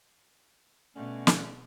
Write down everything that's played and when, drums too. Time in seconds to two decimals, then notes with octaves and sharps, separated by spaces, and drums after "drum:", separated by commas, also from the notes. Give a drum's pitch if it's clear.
0.96 B2 D3 A3 C#4
1.27 drum: snare